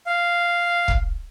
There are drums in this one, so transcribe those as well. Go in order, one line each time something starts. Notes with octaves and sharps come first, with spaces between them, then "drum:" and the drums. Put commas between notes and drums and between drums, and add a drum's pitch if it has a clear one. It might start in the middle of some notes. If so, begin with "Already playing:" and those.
F5
drum: kick